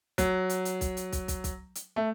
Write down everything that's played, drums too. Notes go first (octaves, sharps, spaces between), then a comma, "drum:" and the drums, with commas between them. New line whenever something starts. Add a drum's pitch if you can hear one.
F#3, drum: kick, hi-hat
drum: hi-hat
drum: hi-hat
drum: kick, hi-hat
drum: hi-hat
drum: kick, hi-hat
drum: kick, hi-hat
drum: kick, hi-hat
drum: hi-hat
A3